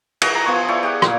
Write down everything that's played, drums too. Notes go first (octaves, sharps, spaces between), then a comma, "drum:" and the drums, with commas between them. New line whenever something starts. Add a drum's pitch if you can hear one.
E3 F#4 G#4 G5, drum: cymbal
A#5
F3 B3 G#5 C#6
E4 C#5 D5 G5
G4 G#4 F#5
A#2 A#3, drum: rim click